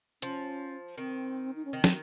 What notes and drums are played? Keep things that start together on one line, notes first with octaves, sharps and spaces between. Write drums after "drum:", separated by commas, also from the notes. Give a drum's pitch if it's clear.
F3 C#4, drum: hi-hat
D#3 C4
D#4
C#4
D#3 C4
C4, drum: snare